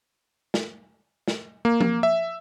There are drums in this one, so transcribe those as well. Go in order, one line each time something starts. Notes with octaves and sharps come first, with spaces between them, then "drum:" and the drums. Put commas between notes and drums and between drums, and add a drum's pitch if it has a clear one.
drum: snare
drum: snare
A#3
drum: tom
E5